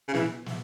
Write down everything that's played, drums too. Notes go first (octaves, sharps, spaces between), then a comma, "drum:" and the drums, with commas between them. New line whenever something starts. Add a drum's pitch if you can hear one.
C#3
E3, drum: snare
drum: snare